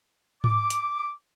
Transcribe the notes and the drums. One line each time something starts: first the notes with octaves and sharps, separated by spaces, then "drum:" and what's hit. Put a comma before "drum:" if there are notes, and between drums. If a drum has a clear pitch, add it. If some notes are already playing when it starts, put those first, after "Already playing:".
D6, drum: tom G#2
drum: hi-hat